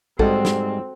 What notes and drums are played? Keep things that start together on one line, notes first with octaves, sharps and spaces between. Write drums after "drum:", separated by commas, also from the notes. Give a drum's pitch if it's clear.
G#2 G3 G#3 C4 F#4 A4, drum: kick
drum: snare